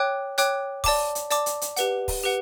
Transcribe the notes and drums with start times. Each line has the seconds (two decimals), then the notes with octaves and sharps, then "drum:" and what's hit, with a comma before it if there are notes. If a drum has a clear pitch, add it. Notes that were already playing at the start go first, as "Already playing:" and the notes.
Already playing: C#5 G5 D6 F#6
0.38 C#5 G5 D6 F#6, drum: hi-hat
0.84 D5 A5 D6, drum: kick, open hi-hat
1.15 drum: hi-hat
1.30 D5 A5 D6, drum: hi-hat
1.46 drum: hi-hat
1.61 drum: hi-hat
1.77 G4 B4 F#5, drum: hi-hat
2.08 drum: kick, open hi-hat
2.23 G4 B4 F#5